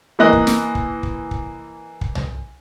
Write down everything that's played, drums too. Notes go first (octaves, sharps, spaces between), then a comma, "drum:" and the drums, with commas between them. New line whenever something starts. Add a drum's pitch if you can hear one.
E3 A#3 D#5 F#6
drum: kick
drum: snare
drum: kick
drum: kick
drum: kick
drum: kick
drum: tom